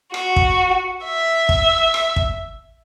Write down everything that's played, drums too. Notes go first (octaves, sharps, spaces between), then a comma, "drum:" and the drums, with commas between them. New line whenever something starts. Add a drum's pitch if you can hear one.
F#4, drum: rim click
drum: kick
E5
drum: kick
drum: rim click
drum: kick